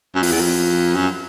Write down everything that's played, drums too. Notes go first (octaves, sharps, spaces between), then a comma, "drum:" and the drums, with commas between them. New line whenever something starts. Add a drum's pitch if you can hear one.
F#2
F2, drum: open hi-hat
E2
F2
F#2